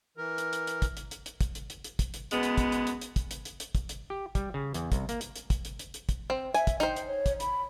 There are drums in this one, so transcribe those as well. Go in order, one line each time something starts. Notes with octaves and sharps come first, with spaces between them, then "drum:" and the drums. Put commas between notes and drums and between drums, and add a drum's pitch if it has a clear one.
E3 A#4
drum: hi-hat
drum: hi-hat
drum: hi-hat
drum: kick, hi-hat
drum: hi-hat
drum: hi-hat
drum: hi-hat
drum: kick, hi-hat
drum: hi-hat
drum: hi-hat
drum: hi-hat
drum: kick, hi-hat
drum: hi-hat
F#2 G#3 B3, drum: hi-hat
drum: hi-hat
drum: kick, hi-hat
drum: hi-hat
drum: hi-hat
drum: hi-hat
drum: kick, hi-hat
drum: hi-hat
drum: hi-hat
drum: hi-hat
drum: kick, hi-hat
drum: hi-hat
G4
G3, drum: kick, hi-hat
C#3
E2, drum: hi-hat
C2, drum: kick, hi-hat
A#3, drum: hi-hat
drum: hi-hat
drum: hi-hat
drum: kick, hi-hat
drum: hi-hat
drum: hi-hat
drum: hi-hat
drum: kick, hi-hat
C4
E5 G#5, drum: hi-hat
drum: kick, hi-hat
D#4 C5 G5, drum: hi-hat
drum: hi-hat
C#5
drum: kick, hi-hat
B5, drum: hi-hat